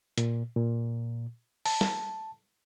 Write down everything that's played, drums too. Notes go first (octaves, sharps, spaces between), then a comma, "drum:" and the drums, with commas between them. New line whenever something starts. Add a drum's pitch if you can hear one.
A#2, drum: hi-hat
A#2
A5, drum: open hi-hat
drum: snare